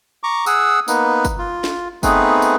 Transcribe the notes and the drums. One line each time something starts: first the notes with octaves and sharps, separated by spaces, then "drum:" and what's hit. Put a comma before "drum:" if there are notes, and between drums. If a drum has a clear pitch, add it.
A#5 C#6 D6
G#4 F#5 D#6 E6, drum: tambourine
A#3 B3 D#4 B4, drum: tambourine
drum: kick G1, tambourine
F4
drum: snare
A3 B3 C4 D#4 G#4 B4, drum: kick G1, tambourine
drum: tambourine